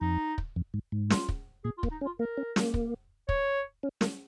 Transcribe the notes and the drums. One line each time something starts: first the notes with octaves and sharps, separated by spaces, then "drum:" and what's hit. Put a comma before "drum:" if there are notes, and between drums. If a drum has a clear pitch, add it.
F2 D#4
drum: kick
F2
G#2
G#2
F4, drum: snare
drum: kick
A#2 G#4
F4
A#3, drum: kick
D#4
C#4
F4
A#3 A#4
C#4
A#3, drum: snare
drum: kick
C#5, drum: kick
C#4
A#3, drum: snare